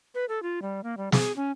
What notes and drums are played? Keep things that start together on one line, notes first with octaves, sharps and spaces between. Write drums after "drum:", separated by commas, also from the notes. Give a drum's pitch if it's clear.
B4
A4
F4
G3
A#3
G3
G#4, drum: snare
C#4